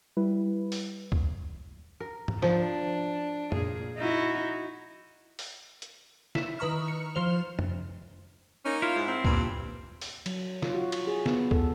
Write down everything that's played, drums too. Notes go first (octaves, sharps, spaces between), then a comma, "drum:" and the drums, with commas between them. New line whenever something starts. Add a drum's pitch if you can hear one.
G3 E4 B4
drum: open hi-hat
drum: kick C2
A#4
drum: tom G#2
F3 D4, drum: snare
A#2 G#4, drum: tom F2
D#4 E4 F#4
drum: open hi-hat
drum: hi-hat
E4, drum: snare
D#3 B4 A#5 C#6 F6
C#7
F3 C5 F7
drum: tom F2
A#3 C#4 D#4
E4 F4
G#2
C4
G2 A#2, drum: kick C2
drum: open hi-hat
F#3, drum: cymbal
F4, drum: snare
F#4
drum: cymbal
G#4
B3, drum: snare
A4, drum: kick C2